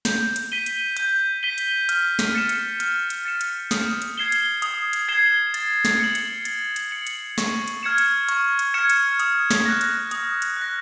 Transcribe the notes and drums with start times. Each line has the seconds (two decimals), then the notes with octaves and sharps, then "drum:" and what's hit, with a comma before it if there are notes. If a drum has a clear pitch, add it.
0.05 G6, drum: snare
0.36 drum: hi-hat
0.52 B6 D#7 G7
0.66 drum: hi-hat
0.97 G6, drum: hi-hat
1.43 B6 D#7 G7
1.58 drum: hi-hat
1.89 F6, drum: hi-hat
2.19 drum: snare
2.34 A6 C#7 E7
2.49 drum: hi-hat
2.80 F6, drum: hi-hat
3.10 drum: hi-hat
3.25 A6 C#7 E7
3.41 drum: hi-hat
3.71 D#6, drum: snare
4.02 drum: hi-hat
4.18 G#6 C7 E7 G7
4.32 drum: hi-hat
4.62 D#6, drum: hi-hat
4.93 drum: hi-hat
5.08 G#6 C7 E7 G7
5.54 A6, drum: hi-hat
5.85 drum: snare
6.00 C#7 F#7
6.15 drum: hi-hat
6.45 A6, drum: hi-hat
6.76 drum: hi-hat
6.91 C#7 F#7
7.07 drum: hi-hat
7.38 C#6, drum: snare
7.68 drum: hi-hat
7.83 F6 G#6 C#7 E7
7.98 drum: hi-hat
8.29 C#6, drum: hi-hat
8.59 drum: hi-hat
8.74 F6 G#6 C#7 E7
8.90 drum: hi-hat
9.20 D#6, drum: hi-hat
9.51 drum: snare
9.66 F#6 A#6
9.81 drum: hi-hat
10.11 D#6, drum: hi-hat
10.42 drum: hi-hat
10.57 F#6 A#6